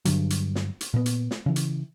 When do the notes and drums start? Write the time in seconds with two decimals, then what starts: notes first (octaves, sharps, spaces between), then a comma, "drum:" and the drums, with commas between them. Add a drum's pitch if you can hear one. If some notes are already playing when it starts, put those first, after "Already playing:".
0.05 G2 D3 F#3, drum: hi-hat
0.30 drum: hi-hat
0.55 drum: snare
0.81 drum: hi-hat
0.94 A#2 B3
1.06 drum: hi-hat
1.31 drum: snare
1.46 C#3 E3
1.56 drum: hi-hat